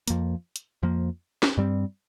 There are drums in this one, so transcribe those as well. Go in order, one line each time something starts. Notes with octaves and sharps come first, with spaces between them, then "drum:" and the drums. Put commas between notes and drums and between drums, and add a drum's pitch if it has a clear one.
F2 F3 A#3, drum: hi-hat
drum: hi-hat
F2 F3 A#3
drum: snare
G2 G3 C4